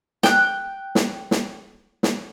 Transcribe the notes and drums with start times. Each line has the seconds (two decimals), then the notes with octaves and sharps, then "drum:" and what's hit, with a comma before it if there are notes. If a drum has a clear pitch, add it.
0.23 G5 F#6, drum: snare
0.95 drum: snare
1.31 drum: snare
2.03 drum: snare